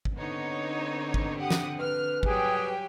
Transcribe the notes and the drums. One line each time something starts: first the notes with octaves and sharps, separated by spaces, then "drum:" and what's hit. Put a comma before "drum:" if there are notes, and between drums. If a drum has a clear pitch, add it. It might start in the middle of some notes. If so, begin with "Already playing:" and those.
drum: kick G#1
D3 B3 C4 D#4 C#5
drum: kick G#1
G4 F#5 D#6
drum: snare
B4 F6
F#3 G3 G4 G#4 G5 G#5, drum: kick G#1